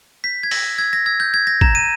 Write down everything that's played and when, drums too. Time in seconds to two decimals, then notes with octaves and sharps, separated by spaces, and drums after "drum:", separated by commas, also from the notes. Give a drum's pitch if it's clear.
0.24 G6 B6
0.43 G#6
0.51 E6 A#6, drum: open hi-hat
0.78 E6 G#6
0.93 A#6
1.06 E6 G#6
1.20 G6
1.34 G6 G#6
1.47 A#6
1.61 A#5 E7, drum: kick
1.75 D#7